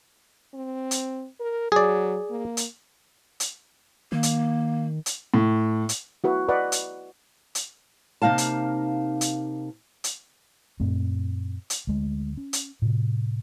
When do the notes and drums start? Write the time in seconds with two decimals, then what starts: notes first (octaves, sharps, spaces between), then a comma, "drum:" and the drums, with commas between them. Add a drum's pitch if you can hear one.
0.54 C4
0.91 drum: hi-hat
1.40 A#4
1.72 F#3 G#4 D5
2.30 A#3
2.57 drum: hi-hat
3.40 drum: hi-hat
4.12 D#3 A#3
4.23 drum: hi-hat
5.06 drum: hi-hat
5.34 A2
5.89 drum: hi-hat
6.24 E4 F#4 B4
6.49 B4 D5 D#5 F#5
6.72 drum: hi-hat
7.55 drum: hi-hat
8.22 C3 A#3 D#4 F5 A5
8.38 drum: hi-hat
9.21 drum: hi-hat
10.04 drum: hi-hat
10.80 F#2 A#2 A3 C4
11.70 drum: hi-hat
11.87 D2 G#3
12.37 C#4
12.53 drum: hi-hat
12.82 A2 C3